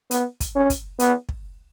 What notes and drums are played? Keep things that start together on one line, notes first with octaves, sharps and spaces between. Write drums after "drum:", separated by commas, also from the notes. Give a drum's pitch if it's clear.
B3, drum: hi-hat
drum: kick, hi-hat
C#4
drum: kick, hi-hat
B3, drum: hi-hat
drum: kick